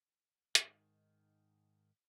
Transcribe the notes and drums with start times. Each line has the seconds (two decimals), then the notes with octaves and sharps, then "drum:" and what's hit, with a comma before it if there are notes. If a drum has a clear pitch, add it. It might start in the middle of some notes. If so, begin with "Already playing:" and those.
0.55 G#2 D#3, drum: hi-hat